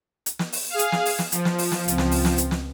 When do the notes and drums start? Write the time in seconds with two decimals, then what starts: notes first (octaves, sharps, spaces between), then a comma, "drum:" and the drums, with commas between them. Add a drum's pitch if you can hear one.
0.26 drum: hi-hat
0.39 drum: snare
0.53 drum: open hi-hat
0.70 G#4 F5
0.79 drum: hi-hat
0.92 drum: snare
1.05 drum: open hi-hat
1.19 drum: snare
1.32 F3, drum: hi-hat
1.45 drum: snare
1.58 drum: open hi-hat
1.72 drum: snare
1.88 C#2 C4, drum: hi-hat
1.98 drum: snare
2.11 drum: open hi-hat
2.25 drum: snare
2.38 drum: hi-hat
2.51 drum: snare